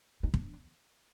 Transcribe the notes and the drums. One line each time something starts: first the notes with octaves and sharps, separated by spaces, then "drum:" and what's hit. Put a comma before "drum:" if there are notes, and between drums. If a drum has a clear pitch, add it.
D#4
D4, drum: kick